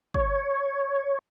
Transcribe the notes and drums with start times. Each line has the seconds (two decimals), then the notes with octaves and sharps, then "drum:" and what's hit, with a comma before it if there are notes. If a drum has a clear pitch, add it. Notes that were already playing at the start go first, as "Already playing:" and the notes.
0.14 C#5, drum: kick